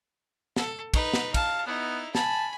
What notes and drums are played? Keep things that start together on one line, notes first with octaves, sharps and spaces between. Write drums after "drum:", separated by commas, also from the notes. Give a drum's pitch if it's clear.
A4, drum: snare
D#4 B4, drum: kick, cymbal
drum: snare
F5 A5, drum: kick, cymbal
B3 D#4 E4
G#5 A5 B5, drum: snare